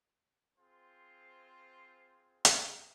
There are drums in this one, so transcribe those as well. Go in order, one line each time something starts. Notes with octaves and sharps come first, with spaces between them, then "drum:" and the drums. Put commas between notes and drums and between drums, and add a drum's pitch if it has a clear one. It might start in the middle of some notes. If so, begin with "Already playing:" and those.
C4 F4 G#4 C5
drum: hi-hat